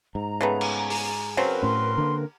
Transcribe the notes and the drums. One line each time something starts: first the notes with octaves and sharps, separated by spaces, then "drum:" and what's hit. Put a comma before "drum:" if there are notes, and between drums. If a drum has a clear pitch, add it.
G#2 A#5
C#3 A3 B3 G#4
drum: cymbal
drum: open hi-hat
C#3 F#3 C4 A#4 B4
A2 C#4 C6
D3 A#3